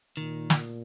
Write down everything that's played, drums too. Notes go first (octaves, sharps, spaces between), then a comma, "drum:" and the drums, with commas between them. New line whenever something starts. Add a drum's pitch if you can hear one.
A#2 D#3
drum: snare